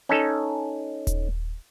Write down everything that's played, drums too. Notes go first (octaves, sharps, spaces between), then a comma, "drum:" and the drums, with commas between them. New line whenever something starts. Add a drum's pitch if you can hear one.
C#4 D#4 A4
drum: kick D#1, hi-hat